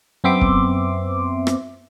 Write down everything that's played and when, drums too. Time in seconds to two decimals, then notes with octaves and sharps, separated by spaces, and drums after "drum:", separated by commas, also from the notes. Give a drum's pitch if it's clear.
0.24 F#2 B3 C4 E5 C6 D6
0.41 drum: kick
1.47 drum: rim click